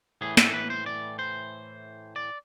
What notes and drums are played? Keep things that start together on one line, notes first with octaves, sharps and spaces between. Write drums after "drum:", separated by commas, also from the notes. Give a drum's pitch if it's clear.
A2 E3 G#4
A4, drum: snare
B4
C5
D5
C5
D5